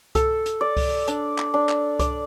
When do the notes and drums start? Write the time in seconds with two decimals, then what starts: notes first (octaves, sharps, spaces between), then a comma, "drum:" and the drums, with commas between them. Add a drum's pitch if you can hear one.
0.15 A4, drum: kick C2, hi-hat
0.46 drum: hi-hat
0.61 D5
0.77 drum: kick C2, open hi-hat
1.07 D4, drum: hi-hat
1.38 drum: clap
1.54 D4
1.69 drum: clap
1.99 D5, drum: kick C2, hi-hat